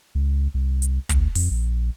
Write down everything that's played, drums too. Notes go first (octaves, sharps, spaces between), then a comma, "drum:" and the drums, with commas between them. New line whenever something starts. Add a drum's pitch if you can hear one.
C#2
C2
drum: hi-hat
D2, drum: kick, hi-hat
F2, drum: open hi-hat
A#1